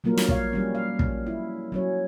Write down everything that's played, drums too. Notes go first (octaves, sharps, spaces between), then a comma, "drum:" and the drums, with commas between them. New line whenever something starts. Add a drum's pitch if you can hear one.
F#3 G3 A#3 F4 A#4
drum: snare
C#5 F5, drum: kick
F3 G3 C#4
F5
drum: kick
E4
F#3 C#4 C#5